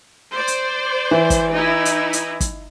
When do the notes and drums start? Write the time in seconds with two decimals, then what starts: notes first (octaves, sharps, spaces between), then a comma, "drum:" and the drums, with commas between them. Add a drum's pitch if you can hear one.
0.34 C5 D5
0.47 drum: hi-hat
1.11 E3
1.30 drum: kick, hi-hat
1.52 D#4 E4
1.85 drum: hi-hat
2.13 drum: hi-hat
2.40 drum: kick, hi-hat